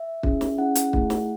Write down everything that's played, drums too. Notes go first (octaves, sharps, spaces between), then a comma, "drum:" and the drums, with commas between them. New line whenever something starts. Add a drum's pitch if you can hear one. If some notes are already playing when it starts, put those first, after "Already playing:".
Already playing: E5
C#4 E4 G#4, drum: kick
drum: snare
C#4 E4 G#4 F#5
drum: hi-hat
A3 E4 G#4, drum: kick
drum: snare